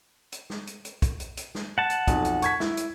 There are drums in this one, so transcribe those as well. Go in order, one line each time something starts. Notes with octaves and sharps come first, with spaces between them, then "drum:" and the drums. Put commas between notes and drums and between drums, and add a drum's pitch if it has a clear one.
drum: hi-hat
drum: snare
drum: hi-hat
drum: hi-hat
drum: kick, hi-hat
drum: hi-hat
drum: hi-hat
drum: snare
F#5 A5
drum: hi-hat
B1 F2, drum: kick, hi-hat
drum: hi-hat
C#6 G#6 B6, drum: hi-hat
E4, drum: snare
drum: hi-hat